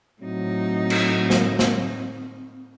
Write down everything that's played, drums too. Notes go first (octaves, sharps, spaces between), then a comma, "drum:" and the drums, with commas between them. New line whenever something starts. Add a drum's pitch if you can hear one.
A2 F#3 C4 D#4
drum: cymbal
drum: snare
drum: snare